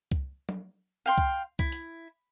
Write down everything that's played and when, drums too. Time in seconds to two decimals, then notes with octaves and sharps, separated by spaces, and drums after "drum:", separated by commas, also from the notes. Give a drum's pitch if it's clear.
0.12 drum: kick C2
0.49 drum: tom F#3
1.06 F5 G5 C6
1.18 drum: kick C2
1.59 E4, drum: kick C2
1.72 drum: hi-hat